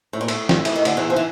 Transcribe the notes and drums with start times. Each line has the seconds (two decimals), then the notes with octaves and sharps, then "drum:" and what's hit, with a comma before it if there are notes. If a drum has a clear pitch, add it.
0.13 A2
0.21 A#2
0.28 A2, drum: cymbal
0.49 drum: snare
0.65 E3, drum: cymbal
0.75 D#3
0.85 D2 D3, drum: cymbal
0.97 E2 E3
1.10 F3
1.16 E3